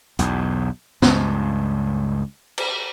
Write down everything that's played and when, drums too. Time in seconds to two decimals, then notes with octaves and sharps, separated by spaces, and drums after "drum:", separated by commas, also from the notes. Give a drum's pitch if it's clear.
0.19 B1 E2, drum: hi-hat
1.02 C#2 G2, drum: snare
2.58 drum: cymbal